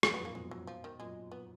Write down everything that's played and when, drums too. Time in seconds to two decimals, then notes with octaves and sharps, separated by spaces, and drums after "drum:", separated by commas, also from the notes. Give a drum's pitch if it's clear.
0.03 F2 A#3 C#4, drum: rim click
0.11 F#2
0.14 B3
0.19 F2 G#2
0.25 F#2 A#2 A#3
0.35 G#2 B2 G#3
0.51 F#3
0.67 F3
0.84 D#3
0.99 F#2 A#2 G#3
1.31 B3